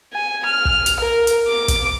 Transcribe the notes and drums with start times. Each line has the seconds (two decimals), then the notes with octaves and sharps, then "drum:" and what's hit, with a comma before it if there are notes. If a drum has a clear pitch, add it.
0.14 G#5
0.45 F6
0.65 drum: kick
0.86 drum: hi-hat
1.00 A#4
1.27 drum: hi-hat
1.48 D6
1.68 drum: kick, hi-hat